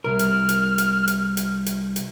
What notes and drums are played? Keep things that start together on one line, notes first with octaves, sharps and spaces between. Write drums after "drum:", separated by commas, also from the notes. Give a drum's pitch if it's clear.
C2 A#4 F6
drum: hi-hat
drum: hi-hat
drum: hi-hat
drum: hi-hat
drum: hi-hat
drum: hi-hat
drum: hi-hat